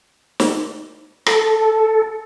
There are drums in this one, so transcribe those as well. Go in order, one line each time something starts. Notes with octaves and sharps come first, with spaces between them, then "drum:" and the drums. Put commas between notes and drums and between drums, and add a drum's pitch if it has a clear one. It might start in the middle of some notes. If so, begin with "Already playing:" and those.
drum: snare
A4, drum: rim click